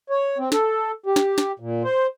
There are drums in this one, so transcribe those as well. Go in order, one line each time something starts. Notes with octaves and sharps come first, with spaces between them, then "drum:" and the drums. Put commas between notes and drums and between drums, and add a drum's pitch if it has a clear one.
C#5
C4
A4, drum: snare
G4
drum: snare
drum: snare
A#2
C5